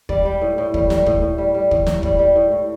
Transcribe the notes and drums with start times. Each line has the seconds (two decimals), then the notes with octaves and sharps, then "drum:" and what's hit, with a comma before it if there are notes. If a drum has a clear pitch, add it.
0.09 G3 D5, drum: kick
0.25 G3
0.42 A2
0.58 A2
0.74 G3, drum: kick
0.90 G3, drum: snare
1.06 A2, drum: kick
1.22 A2
1.38 G3
1.54 G3
1.71 A2, drum: kick
1.87 A2, drum: snare
2.03 G3 D5, drum: kick
2.19 G3
2.36 A2
2.51 A2